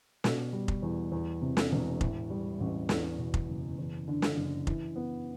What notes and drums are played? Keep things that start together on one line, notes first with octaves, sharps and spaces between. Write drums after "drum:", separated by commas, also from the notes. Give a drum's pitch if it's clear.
B2, drum: snare
G3
drum: kick F1
E2
E2
C3
drum: snare
E1
A2, drum: kick F1
G3
A1
E2, drum: snare
B2
drum: kick F1
F#1
E2
D3
drum: snare
F#1
E3, drum: kick F1
B3